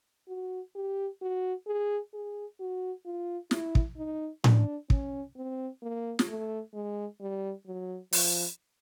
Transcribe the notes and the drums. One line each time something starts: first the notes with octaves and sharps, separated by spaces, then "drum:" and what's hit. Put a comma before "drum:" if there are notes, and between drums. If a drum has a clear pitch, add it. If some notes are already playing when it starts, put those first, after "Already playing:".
F#4
G4
F#4
G#4
G#4
F#4
F4
E4, drum: snare
drum: kick
D#4
D4, drum: tom A2
C#4, drum: kick
C4
A#3
drum: snare
A3
G#3
G3
F#3
F3, drum: open hi-hat